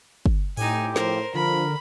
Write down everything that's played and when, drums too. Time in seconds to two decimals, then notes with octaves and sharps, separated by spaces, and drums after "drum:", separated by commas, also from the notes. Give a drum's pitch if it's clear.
0.26 drum: kick G1
0.57 A2 C4 D#4 G4 G#5, drum: open hi-hat
0.96 A2 F3 A#4 C5, drum: snare
1.34 D3 F3 A#4 B5